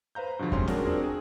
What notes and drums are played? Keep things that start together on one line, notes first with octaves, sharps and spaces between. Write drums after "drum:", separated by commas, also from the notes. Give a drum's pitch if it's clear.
B4 C5 F5 A#5 G6
G2 B2 D3 F3 F#3
C3 G#3 C#4 C6, drum: kick E2
D4 F#4 G#4 A#4, drum: snare C4
C4 D4 F4 G#4 A#4
G#4